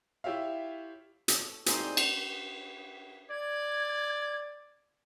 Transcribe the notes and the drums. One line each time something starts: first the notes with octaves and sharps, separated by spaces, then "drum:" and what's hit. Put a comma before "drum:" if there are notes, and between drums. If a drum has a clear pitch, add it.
E4 F4 G4 C#5 E5 F5
A4 C#5, drum: hi-hat
A#3 C4 D#4 E4 F#4 G#4 C5, drum: hi-hat
G4 D5
drum: cymbal
D5 G#6